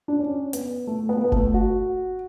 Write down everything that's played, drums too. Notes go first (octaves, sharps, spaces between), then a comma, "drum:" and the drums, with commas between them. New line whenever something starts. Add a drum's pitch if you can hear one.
D4
C#4
B3, drum: hi-hat
A3
B3
A3
B3
A3, drum: kick F#1
F#4